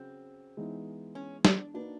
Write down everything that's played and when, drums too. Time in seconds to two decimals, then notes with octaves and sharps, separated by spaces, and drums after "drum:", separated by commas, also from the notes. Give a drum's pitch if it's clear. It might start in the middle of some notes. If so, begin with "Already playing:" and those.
Already playing: C#3 F#3 C4
0.57 E3 G#3 B3 D#4
1.15 C#4
1.45 D4, drum: snare G3
1.74 A#3 D4 D#4 F#4 B4